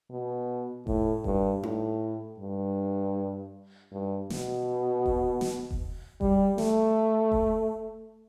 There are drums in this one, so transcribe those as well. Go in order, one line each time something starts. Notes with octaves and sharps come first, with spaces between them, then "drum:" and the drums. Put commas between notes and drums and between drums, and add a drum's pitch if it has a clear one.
B2
A2, drum: kick F1
G2, drum: kick F1
A2, drum: tom D#4
G2
G2
B2, drum: snare
drum: kick F1
drum: snare
drum: kick F1
G3, drum: kick F1
A3, drum: snare
drum: kick F1